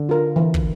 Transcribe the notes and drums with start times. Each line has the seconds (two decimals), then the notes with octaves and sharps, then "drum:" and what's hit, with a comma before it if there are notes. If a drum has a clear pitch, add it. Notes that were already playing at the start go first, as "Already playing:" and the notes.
Already playing: D3
0.09 F4 A#4
0.36 E3
0.54 drum: kick